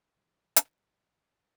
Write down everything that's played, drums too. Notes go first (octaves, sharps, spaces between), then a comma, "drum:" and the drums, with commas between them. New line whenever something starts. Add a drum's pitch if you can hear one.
G#1 B2 E3 G3
drum: hi-hat